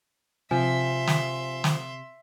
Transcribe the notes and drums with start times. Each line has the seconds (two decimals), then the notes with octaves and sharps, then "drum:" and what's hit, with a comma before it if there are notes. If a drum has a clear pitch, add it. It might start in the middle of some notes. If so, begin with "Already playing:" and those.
0.51 C3 F3 E5 G#5 C6
1.07 drum: snare
1.64 drum: snare